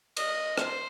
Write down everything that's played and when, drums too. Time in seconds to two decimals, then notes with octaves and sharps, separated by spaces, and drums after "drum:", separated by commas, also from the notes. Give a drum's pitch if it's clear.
0.17 D#5, drum: cymbal
0.58 C5, drum: rim click